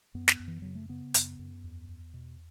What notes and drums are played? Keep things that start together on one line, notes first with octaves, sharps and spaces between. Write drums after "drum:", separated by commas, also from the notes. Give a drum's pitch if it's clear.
F#2 B3
drum: snare
F#2
E3
C#3 F#3
A3
C#3 B3
F#2, drum: hi-hat
F#2
E2
E2
B2